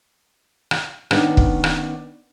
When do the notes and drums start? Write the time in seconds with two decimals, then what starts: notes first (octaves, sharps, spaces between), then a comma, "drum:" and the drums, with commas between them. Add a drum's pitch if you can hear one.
0.71 drum: rim click
1.11 D#3 B3 C#4 D4, drum: rim click
1.37 drum: kick
1.64 drum: rim click